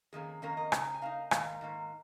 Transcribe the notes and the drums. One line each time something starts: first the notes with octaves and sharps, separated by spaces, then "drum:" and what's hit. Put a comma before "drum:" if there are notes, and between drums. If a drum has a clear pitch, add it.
F2 D#3 A#3 C#4 G#4
F2 D#3 A#3 C#4 A#4
D#5
C#3 A#3 D#4 G#5, drum: rim click
G#5
C#3 A#3 D#4 F5
G#2 D#3 A#3 F5, drum: rim click
G#2 D#3 A#3